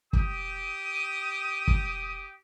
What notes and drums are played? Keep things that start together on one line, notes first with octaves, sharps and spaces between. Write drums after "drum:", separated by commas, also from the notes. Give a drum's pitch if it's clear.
G4 D#6, drum: kick
drum: kick